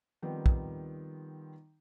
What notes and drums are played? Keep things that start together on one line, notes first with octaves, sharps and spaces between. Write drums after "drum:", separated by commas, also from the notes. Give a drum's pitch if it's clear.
D#3 F3 G3 B3 C4 D#4
drum: kick